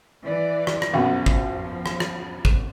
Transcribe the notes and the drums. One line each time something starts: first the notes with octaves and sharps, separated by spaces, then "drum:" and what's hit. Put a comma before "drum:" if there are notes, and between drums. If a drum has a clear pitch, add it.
E3 D5
drum: rim click
drum: rim click
B1 F#2 B2 F3
drum: kick
drum: rim click
drum: rim click
drum: kick